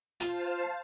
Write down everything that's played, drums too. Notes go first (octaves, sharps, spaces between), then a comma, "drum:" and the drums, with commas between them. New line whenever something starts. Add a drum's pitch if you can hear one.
F4 C5 F5 A5, drum: hi-hat